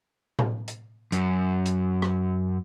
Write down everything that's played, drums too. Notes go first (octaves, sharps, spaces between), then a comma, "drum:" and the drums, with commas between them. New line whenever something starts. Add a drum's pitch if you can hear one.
drum: tom A2
drum: hi-hat
F#2, drum: hi-hat
drum: hi-hat
drum: rim click